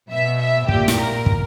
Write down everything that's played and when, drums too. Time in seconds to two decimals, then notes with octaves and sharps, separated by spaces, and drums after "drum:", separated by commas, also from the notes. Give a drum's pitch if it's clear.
0.11 B2 E5
0.40 E5
0.68 A#2 G4, drum: kick
0.88 drum: snare
0.98 A#4
1.26 drum: kick